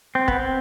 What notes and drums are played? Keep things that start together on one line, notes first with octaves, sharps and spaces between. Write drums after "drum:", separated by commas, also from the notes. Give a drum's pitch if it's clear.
C4
B3, drum: kick
C4